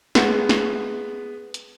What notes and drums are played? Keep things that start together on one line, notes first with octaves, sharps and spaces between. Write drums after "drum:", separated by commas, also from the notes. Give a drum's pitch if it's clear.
G#3 B3, drum: snare
drum: snare
drum: hi-hat